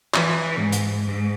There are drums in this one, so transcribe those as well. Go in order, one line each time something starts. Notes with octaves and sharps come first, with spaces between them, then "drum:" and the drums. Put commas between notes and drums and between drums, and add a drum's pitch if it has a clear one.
E3, drum: clap
G#2
drum: hi-hat
G#2